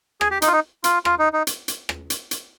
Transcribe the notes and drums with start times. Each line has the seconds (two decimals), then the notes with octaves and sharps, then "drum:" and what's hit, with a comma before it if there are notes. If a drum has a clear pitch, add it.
0.21 G#4, drum: rim click
0.31 G4
0.42 D#4, drum: hi-hat
0.48 F4
0.53 D#4
0.84 F4, drum: hi-hat
1.05 F4, drum: rim click
1.19 D#4
1.33 D#4
1.47 drum: hi-hat
1.68 drum: hi-hat
1.89 drum: rim click
2.10 drum: hi-hat
2.31 drum: hi-hat